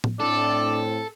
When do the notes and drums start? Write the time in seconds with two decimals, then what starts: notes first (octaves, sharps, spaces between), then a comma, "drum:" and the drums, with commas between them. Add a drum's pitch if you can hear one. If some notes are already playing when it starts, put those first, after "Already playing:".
0.04 drum: tom A2
0.20 A2 C4 D4 A4 D5